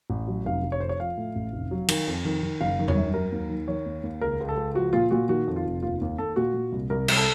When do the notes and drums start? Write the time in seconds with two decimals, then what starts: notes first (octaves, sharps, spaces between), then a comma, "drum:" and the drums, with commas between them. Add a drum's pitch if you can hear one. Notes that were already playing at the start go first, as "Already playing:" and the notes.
0.10 A1
0.28 F#3
0.45 F1 F5
0.64 F1
0.72 C#5
0.80 F2 C5
0.89 C#5
1.00 F3 F5
1.17 A2
1.36 A1
1.53 F1
1.71 F#3
1.88 D#3, drum: cymbal
2.07 F2
2.25 D#3
2.43 D#3
2.61 F#1 F5
2.79 D#3
2.88 C#5, drum: tom E2
2.97 F#2
3.14 F#3 A#4
3.32 D#2
3.50 D#3
3.68 D#3 C#5
3.86 D#2
4.03 D#2
4.21 C#2 A#4
4.40 C#2
4.49 A4
4.57 C#2
4.75 F3 F#4
4.93 A#2 F4
5.11 A#2 F#4
5.29 D#3 F#4
5.47 F2
5.56 F4
5.65 F1
5.82 D#2 F4
6.01 D#2
6.18 D#2 A4
6.36 A#2 F#4
6.54 A#2
6.72 C2
6.90 C2 A#4
7.08 C2, drum: cymbal
7.17 A4